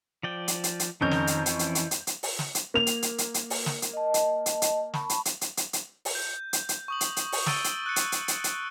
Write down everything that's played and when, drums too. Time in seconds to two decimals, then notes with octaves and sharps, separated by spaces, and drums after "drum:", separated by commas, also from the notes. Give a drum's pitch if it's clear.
0.23 F3 D5 G5
0.48 drum: hi-hat
0.64 drum: hi-hat
0.80 drum: hi-hat
1.01 F2 D#3 C#4 G#4 A#4 G6
1.11 drum: snare
1.27 drum: hi-hat
1.46 E3, drum: hi-hat
1.59 drum: hi-hat
1.75 drum: hi-hat
1.91 drum: hi-hat
2.07 drum: hi-hat
2.23 drum: open hi-hat
2.39 drum: snare
2.55 drum: hi-hat
2.74 A#3 F7
2.87 drum: hi-hat
3.02 drum: hi-hat
3.18 drum: hi-hat
3.34 drum: hi-hat
3.50 drum: open hi-hat
3.66 drum: snare
3.82 drum: hi-hat
3.93 D#5 A5
4.14 drum: hi-hat
4.46 drum: hi-hat
4.62 drum: hi-hat
4.94 A5 B5 C#6, drum: snare
5.09 drum: hi-hat
5.25 drum: hi-hat
5.41 drum: hi-hat
5.57 drum: hi-hat
5.73 drum: hi-hat
6.05 drum: open hi-hat
6.15 G6
6.53 drum: hi-hat
6.69 drum: hi-hat
6.88 C#6 D#6 F#7
7.01 drum: hi-hat
7.17 drum: hi-hat
7.32 drum: open hi-hat
7.46 C#6 E6 A6 D7 D#7 G7, drum: snare
7.64 drum: hi-hat
7.86 F#6 C#7
7.96 drum: hi-hat
8.12 drum: hi-hat
8.28 drum: hi-hat
8.44 drum: hi-hat